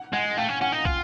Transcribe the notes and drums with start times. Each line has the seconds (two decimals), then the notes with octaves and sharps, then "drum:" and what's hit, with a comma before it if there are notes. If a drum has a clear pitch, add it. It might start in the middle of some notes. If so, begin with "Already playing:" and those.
Already playing: F#5
0.13 G#3 F#5
0.37 A3 F5 G5
0.49 C#4
0.61 C#4 F#5 G#5
0.73 D#4
0.85 F4, drum: kick